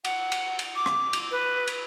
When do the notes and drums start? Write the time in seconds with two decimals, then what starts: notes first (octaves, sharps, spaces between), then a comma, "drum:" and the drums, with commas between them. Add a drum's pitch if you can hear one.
0.05 F#5, drum: cymbal
0.32 drum: cymbal
0.59 drum: cymbal
0.76 D6
0.86 drum: rim click
1.13 drum: cymbal
1.31 B4
1.67 drum: cymbal